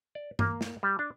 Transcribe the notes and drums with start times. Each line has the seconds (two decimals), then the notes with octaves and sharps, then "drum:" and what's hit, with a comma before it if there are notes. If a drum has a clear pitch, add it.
0.15 D5
0.39 A#3, drum: tom G2
0.61 drum: snare
0.83 G3
0.99 D4